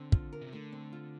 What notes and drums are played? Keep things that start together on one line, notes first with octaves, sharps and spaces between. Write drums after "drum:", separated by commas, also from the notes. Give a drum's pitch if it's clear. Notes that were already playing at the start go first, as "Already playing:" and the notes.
Already playing: D3 C4
F4, drum: kick
A#4
C3
D3 A3
C4
F4